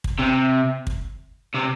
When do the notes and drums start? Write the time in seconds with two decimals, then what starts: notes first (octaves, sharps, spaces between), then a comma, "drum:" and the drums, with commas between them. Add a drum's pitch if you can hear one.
0.04 drum: kick
0.19 C3
0.87 drum: kick
1.55 C3